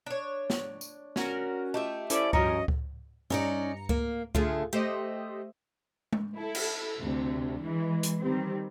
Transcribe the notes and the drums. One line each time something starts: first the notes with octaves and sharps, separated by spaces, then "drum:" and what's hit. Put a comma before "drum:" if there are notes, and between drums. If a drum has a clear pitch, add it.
D4 C#5
drum: snare
drum: tambourine
C#4 F#4 A#4, drum: snare
A3 F4 G4 D#5 E5
C#4 E4 A4 C5 D5 D6, drum: hi-hat
G2 F3 C#4 F#4 A#4 C#5 D#5 C#7, drum: kick C#2
drum: kick C#2
G2 C#4 D#4 D5 A#5 C#7
A#3, drum: kick C#2
D3 A3 F4 G#4, drum: kick C#2
A3 G4 C5 D#5
drum: tom G#3
E4 A4
drum: cymbal
D2 C3
E3 G#3
drum: hi-hat
D#3 G3 C4